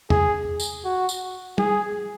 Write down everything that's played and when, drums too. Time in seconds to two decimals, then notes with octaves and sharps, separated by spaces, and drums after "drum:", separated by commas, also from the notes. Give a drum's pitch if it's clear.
0.10 G#4, drum: tom
0.60 drum: tambourine
0.85 F#4
1.09 drum: tambourine
1.58 G#4, drum: tom